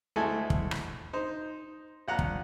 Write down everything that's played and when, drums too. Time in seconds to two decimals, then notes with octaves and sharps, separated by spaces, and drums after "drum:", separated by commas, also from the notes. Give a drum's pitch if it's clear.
0.16 D2 G#3 A3 E4 A4 G#5
0.50 drum: kick
0.71 drum: rim click
1.13 D#4 C5
2.08 A#1 F#5 A#5
2.19 drum: kick